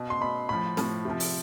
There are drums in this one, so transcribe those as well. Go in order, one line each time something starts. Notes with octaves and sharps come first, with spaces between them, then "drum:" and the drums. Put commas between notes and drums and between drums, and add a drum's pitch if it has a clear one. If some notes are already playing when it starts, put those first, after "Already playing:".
Already playing: B2
C6
B2 B5
A2 F3 B5
A2 F3, drum: snare
C3 F3
drum: open hi-hat